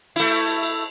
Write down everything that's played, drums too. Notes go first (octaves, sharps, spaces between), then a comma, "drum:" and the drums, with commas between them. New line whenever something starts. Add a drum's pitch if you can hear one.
A3 E4, drum: cymbal
drum: cymbal
drum: cymbal
drum: cymbal